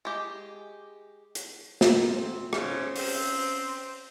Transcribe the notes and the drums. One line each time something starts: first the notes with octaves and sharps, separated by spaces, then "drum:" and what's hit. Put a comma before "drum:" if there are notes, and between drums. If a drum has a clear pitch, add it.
G#3 G4
drum: hi-hat
drum: snare
B2 A3 C4
G#2 C#3 C#4 C5, drum: rim click
C4, drum: open hi-hat